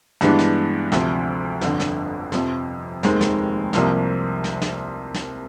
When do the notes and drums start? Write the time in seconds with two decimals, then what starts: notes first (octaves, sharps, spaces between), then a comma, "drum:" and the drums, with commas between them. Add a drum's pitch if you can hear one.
0.21 G2 E3 G#3 B3 D4, drum: snare
0.39 drum: snare
0.92 D2 C3 F3, drum: snare
1.61 G1 F2 D3, drum: snare
1.80 drum: snare
2.32 F2 C3 F3, drum: snare
3.03 F1 D#2 D#3 G#3 C4, drum: snare
3.21 drum: snare
3.73 C2 C3 F3 A#3, drum: snare
4.44 drum: snare
4.62 drum: snare
5.14 drum: snare